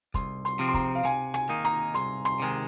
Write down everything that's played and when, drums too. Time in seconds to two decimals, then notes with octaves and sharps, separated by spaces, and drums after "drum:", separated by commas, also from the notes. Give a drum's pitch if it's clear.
0.14 C2 C6, drum: kick, hi-hat
0.45 C6, drum: hi-hat
0.59 C3 F3 C4
0.68 C6
0.74 A#5, drum: kick, hi-hat
0.95 F5
1.04 C3 G#5, drum: hi-hat
1.34 G#5, drum: rim click
1.49 D#3 A#3 D#4
1.65 A#5, drum: rim click
1.94 C2 C6, drum: hi-hat
2.25 C6, drum: rim click
2.40 C3 D#3 G#3